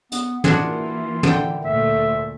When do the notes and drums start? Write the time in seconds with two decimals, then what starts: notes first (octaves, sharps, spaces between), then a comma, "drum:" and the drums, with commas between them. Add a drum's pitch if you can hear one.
0.12 B3, drum: hi-hat
0.44 E3 A#3 D4 F4 F#4 G#4, drum: tom
1.23 D3 G5, drum: tom
1.64 D2 A#2 A3 E5